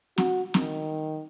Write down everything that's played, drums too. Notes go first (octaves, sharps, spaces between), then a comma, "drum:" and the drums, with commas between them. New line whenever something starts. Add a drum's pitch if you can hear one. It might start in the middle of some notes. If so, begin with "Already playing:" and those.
F#4, drum: snare
D#3, drum: snare